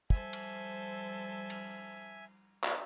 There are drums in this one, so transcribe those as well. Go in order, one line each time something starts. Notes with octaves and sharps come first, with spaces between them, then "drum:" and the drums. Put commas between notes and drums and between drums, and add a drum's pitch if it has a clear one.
F3 G3 A4 C5 E5 G#5, drum: kick
drum: cymbal
drum: cymbal
drum: clap